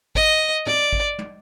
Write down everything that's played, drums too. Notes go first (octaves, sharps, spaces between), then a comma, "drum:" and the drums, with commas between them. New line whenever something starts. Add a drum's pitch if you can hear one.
D#5, drum: kick G#1
D5, drum: tom
drum: kick G#1
drum: tom